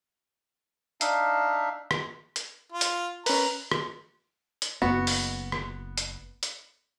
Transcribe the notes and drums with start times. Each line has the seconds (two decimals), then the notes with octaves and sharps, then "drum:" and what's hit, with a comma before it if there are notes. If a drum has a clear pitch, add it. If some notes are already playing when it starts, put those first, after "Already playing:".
1.01 D4 D#4 E5 F5, drum: hi-hat
1.91 drum: rim click
2.36 drum: hi-hat
2.72 F4
2.81 drum: hi-hat
3.26 C#4 A#4 B4 A#5, drum: open hi-hat
3.71 drum: rim click
4.62 drum: hi-hat
4.82 F#1 B3 F#4
5.07 drum: open hi-hat
5.52 drum: rim click
5.98 drum: hi-hat
6.43 drum: hi-hat